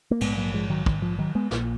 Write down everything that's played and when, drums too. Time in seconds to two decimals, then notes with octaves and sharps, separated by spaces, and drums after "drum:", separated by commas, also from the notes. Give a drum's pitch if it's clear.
0.11 A#3
0.21 A#1 G#2 G#3 B3, drum: cymbal
0.37 F#3 A#3
0.54 F3 G#3
0.70 D#3 F#3
0.86 D#3, drum: kick
1.02 F3
1.19 D#3 F#3
1.35 G#3 B3
1.51 A#1 A#2, drum: snare